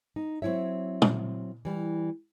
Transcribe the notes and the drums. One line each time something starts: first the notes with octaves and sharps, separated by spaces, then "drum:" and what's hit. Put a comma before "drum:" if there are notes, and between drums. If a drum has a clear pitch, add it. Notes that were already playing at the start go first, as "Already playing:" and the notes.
D#4
F#3 C4 E4 C#5 E5
drum: tom
E3 G3